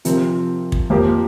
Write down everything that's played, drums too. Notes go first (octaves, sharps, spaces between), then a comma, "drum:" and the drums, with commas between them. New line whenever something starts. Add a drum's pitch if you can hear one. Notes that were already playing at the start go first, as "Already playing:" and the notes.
C3 F3 C4 A#4, drum: hi-hat
drum: kick
F2 F3 A#3 G4 A#4